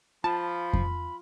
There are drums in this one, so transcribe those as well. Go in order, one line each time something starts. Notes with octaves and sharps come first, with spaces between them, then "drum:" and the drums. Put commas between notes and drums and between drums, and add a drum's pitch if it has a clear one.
F3 F4 A5 B5
drum: kick F2